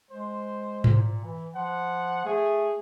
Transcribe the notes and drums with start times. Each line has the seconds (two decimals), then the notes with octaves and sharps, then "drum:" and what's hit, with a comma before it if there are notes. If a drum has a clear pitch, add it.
0.11 G#3 C5
0.84 A#2, drum: tom G#2
1.24 E3
1.55 F3 F#5
2.25 A3 G#4